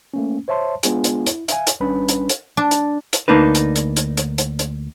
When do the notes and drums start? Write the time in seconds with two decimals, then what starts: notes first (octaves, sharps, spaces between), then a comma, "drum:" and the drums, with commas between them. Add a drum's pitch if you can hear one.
0.14 A3 A#3 C#4
0.48 C5 C#5 E5 A5 C6
0.83 G#3 B3 D4 F4 G#4 G#5, drum: hi-hat
1.04 drum: hi-hat
1.26 E4, drum: hi-hat
1.48 E5 F5 G#5, drum: hi-hat
1.67 drum: hi-hat
1.80 G#1 G3 C#4 D4 B4 B5
2.08 drum: hi-hat
2.29 drum: hi-hat
2.57 D4
2.71 drum: hi-hat
3.13 drum: hi-hat
3.28 D2 G#2 A#3 D4 D#4 B4
3.55 drum: hi-hat
3.75 drum: hi-hat
3.96 drum: hi-hat
4.17 drum: hi-hat
4.38 drum: hi-hat
4.59 drum: hi-hat